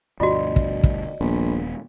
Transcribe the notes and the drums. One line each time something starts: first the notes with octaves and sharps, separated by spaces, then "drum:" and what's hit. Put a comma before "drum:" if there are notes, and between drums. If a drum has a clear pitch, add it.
D2 G2 B2 F4 F#4 D5 D#5
drum: kick
drum: kick
D#1 A#1 B3